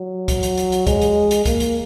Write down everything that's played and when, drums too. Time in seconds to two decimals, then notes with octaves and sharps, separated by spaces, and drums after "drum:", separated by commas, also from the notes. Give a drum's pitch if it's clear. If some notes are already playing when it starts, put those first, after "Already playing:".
Already playing: F#3
0.28 drum: kick C2, hi-hat
0.43 drum: hi-hat
0.57 drum: hi-hat
0.72 drum: hi-hat
0.87 G#3, drum: kick C2, hi-hat
1.02 drum: hi-hat
1.31 drum: hi-hat
1.46 A#3, drum: kick C2, hi-hat
1.60 drum: hi-hat